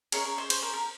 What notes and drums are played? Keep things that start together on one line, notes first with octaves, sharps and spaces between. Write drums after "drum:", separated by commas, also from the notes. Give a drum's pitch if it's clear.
C#4 G#4 A#4 C#5, drum: cymbal
A#4
C5
C5, drum: cymbal
A#4
A#4